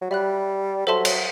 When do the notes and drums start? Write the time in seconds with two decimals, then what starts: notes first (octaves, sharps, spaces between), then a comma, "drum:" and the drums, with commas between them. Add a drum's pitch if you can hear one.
0.02 F#3
0.11 G3 E5 B5 F#6
0.87 F#3 A4 C5 E5 A5 C6
1.05 F#3, drum: cymbal